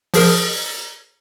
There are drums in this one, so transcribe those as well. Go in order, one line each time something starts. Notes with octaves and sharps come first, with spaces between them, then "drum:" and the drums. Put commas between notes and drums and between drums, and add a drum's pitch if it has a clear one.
F3 G#4 A#4, drum: open hi-hat